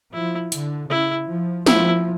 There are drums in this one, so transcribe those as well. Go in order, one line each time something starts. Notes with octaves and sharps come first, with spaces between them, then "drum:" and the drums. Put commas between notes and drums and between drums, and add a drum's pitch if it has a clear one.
F3 E4
D3, drum: hi-hat
C#3 E4
F3
F3 E4, drum: snare